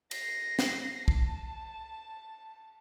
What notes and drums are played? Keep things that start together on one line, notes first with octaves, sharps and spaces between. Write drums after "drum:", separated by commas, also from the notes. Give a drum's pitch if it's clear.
A#6 C7, drum: cymbal
drum: snare
A5, drum: kick